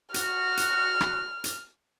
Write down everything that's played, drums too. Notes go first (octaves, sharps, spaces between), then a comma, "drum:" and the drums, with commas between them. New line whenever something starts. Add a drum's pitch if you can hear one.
F#4 F6, drum: hi-hat
drum: hi-hat
drum: rim click
drum: hi-hat